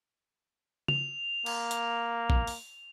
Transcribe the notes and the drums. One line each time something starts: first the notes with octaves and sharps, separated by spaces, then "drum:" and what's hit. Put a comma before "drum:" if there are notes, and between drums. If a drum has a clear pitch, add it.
F7, drum: tom C#3
A#3, drum: cymbal
drum: hi-hat
drum: kick
drum: open hi-hat